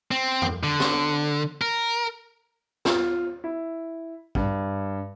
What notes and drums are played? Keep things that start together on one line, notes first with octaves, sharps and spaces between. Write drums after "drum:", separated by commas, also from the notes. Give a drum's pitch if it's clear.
C4
drum: tom F2
D3
drum: snare
A#4
F4, drum: snare
E4
G2, drum: kick